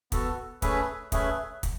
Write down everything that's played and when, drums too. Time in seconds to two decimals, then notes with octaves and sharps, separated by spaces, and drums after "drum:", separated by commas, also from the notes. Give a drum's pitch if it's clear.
0.12 B3 F#4 A4, drum: kick, hi-hat
0.62 A3 C#4 G#4 B4 E5, drum: kick, hi-hat
1.12 A3 C#4 G#4 B4 E5, drum: kick, hi-hat
1.63 drum: kick, hi-hat